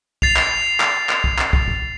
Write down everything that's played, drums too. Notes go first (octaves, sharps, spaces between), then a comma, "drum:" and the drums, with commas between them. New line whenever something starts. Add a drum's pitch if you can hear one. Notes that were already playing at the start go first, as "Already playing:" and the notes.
A6 C7 F7, drum: kick
drum: clap
drum: clap
drum: clap
drum: kick
drum: clap
drum: kick
drum: kick